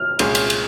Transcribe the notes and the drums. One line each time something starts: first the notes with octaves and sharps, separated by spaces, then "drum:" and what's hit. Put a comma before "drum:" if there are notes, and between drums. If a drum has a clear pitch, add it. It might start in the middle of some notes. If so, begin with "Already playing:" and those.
Already playing: F6
C2 A#2 G#3 C#4 G#4, drum: cymbal
drum: cymbal
drum: cymbal